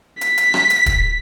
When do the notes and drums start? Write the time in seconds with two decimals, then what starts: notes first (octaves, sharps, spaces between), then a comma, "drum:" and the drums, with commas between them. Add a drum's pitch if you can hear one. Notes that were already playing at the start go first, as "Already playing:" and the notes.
0.21 B6, drum: hi-hat
0.38 drum: hi-hat
0.54 drum: rim click
0.70 drum: hi-hat
0.86 drum: kick, hi-hat